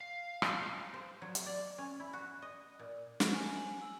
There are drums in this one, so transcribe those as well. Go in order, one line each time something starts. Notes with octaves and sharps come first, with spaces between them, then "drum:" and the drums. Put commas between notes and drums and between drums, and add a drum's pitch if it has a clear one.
F5
drum: rim click
C5
F#3
drum: hi-hat
D5
C#4
E4
F#4
D#5
A#2
drum: snare
G#5
F#7
E6